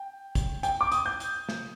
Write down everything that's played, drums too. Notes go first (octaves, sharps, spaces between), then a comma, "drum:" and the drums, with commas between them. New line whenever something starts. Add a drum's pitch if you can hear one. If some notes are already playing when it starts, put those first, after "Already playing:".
Already playing: G5
drum: kick, hi-hat
G5, drum: hi-hat
D6
D#6, drum: hi-hat
G6
drum: hi-hat
drum: snare